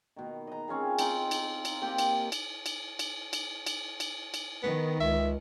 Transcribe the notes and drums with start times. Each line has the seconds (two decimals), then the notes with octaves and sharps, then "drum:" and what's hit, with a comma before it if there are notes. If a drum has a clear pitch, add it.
0.16 B2 D#3
0.47 D#5 A#5
0.68 C4 C#4 F4 G#4
0.99 C4 D#4, drum: cymbal
1.31 drum: cymbal
1.65 drum: cymbal
1.82 A#3 C4 G4
1.98 drum: cymbal
2.32 drum: cymbal
2.66 drum: cymbal
2.99 drum: cymbal
3.33 drum: cymbal
3.67 drum: cymbal
4.00 drum: cymbal
4.34 drum: cymbal
4.63 D#3 B3
5.00 C#2 E5